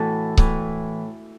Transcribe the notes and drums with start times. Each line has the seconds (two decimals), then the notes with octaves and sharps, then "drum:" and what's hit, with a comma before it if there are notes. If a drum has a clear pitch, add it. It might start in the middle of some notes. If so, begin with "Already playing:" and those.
Already playing: A2 E3 F#4 A4
0.37 A2 E3, drum: kick C#1